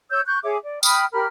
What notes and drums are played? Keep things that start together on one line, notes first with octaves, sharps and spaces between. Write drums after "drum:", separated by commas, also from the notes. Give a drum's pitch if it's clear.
C#5 E6 G6
C#6 F#6 G6
G#4 C#5 E5 D6
D5
G5 B5 D#6 F6, drum: tambourine
G4 A#4 B5 F6